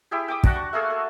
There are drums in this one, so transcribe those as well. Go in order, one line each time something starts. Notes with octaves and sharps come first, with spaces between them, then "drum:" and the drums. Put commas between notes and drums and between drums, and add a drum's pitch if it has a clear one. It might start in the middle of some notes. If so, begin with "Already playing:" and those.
E4 G4 G#4
G5 D6 D#6
D4 F#4 F#5, drum: kick
C#6
A3 A#3 G#4 A4
A4